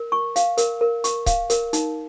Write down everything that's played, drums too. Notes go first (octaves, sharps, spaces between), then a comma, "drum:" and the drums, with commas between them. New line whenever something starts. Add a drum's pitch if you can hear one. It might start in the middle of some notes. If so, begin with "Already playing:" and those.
Already playing: A#4
C#6
F5, drum: hi-hat
A#4, drum: hi-hat
A#4
C#6, drum: hi-hat
F5, drum: kick C#1, hi-hat
A#4, drum: hi-hat
D#4, drum: hi-hat